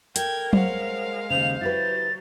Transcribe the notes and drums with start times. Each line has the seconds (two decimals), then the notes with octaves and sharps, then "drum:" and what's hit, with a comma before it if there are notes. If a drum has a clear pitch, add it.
0.16 A4 A#4 G5 G#6, drum: hi-hat
0.53 G#3 C5 C#5 F5 F#5, drum: tom F#3
1.30 D#2 C#3 C5 F7
1.61 F#3 E4 G4 B4 A6